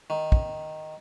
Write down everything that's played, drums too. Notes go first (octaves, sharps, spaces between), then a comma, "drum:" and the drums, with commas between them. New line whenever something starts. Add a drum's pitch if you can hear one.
D#3
drum: kick